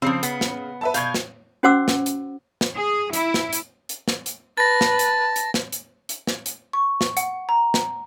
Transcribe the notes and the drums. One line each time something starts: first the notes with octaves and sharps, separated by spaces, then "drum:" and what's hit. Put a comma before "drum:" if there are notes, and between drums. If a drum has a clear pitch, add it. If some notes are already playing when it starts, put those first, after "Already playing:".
C#3 F3 C4 C7
B3, drum: hi-hat
drum: snare
B4 E5 A5
B2 F5 G6 G#6, drum: hi-hat
drum: snare
C#4 F#4 C5 F#5 D6 E6
drum: snare
drum: hi-hat
drum: snare
G#4
E4, drum: hi-hat
drum: snare
drum: hi-hat
drum: hi-hat
drum: snare
drum: hi-hat
B4 A5 A6 A#6
drum: snare
drum: hi-hat
drum: hi-hat
drum: snare
drum: hi-hat
drum: hi-hat
drum: snare
drum: hi-hat
C#6
drum: snare
F#5, drum: hi-hat
A#5
drum: snare